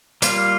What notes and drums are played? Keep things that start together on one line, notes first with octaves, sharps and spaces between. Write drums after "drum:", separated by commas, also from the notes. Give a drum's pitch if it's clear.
G3 A#3 F4, drum: hi-hat